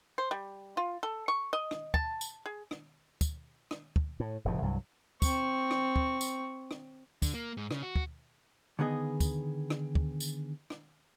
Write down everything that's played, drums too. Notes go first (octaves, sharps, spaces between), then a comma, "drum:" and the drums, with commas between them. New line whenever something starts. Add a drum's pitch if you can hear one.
C5
G3
F4
A4
C#6
D#5
drum: rim click
A5, drum: kick
drum: tambourine
G#4
drum: rim click
drum: kick, tambourine
drum: rim click
drum: kick
A2
F1 A2 C#3 F3
C2 G2 E3 F#3
C4 C#6, drum: kick, tambourine
drum: rim click
drum: kick
drum: tambourine
drum: rim click
D3, drum: kick, tambourine
A#3
G#2
C#3, drum: rim click
F#4
drum: kick
D3 D#3 B3 G#4 D#5
drum: kick, tambourine
drum: rim click
drum: kick
drum: tambourine
drum: rim click